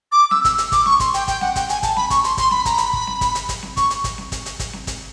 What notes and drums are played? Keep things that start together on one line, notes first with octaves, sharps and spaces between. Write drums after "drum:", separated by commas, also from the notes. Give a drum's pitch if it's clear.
D6
E6, drum: snare C4
E6, drum: kick, hi-hat
drum: hi-hat
D6, drum: kick, hi-hat
C#6, drum: snare C4
C6, drum: kick, hi-hat
G5, drum: hi-hat
G5, drum: kick, hi-hat
F#5, drum: snare C4
G5, drum: kick, hi-hat
G#5, drum: hi-hat
A5, drum: kick, hi-hat
B5, drum: snare C4
C#6, drum: kick, hi-hat
C6, drum: hi-hat
C6, drum: kick, hi-hat
B5, drum: snare C4
A#5, drum: kick, hi-hat
B5, drum: hi-hat
drum: kick
drum: snare C4
drum: kick, hi-hat
drum: hi-hat
drum: kick, hi-hat
drum: snare C4
C#6, drum: kick, hi-hat
drum: hi-hat
drum: kick, hi-hat
drum: snare C4
drum: kick, hi-hat
drum: hi-hat
drum: kick, hi-hat
drum: snare C4
drum: kick, hi-hat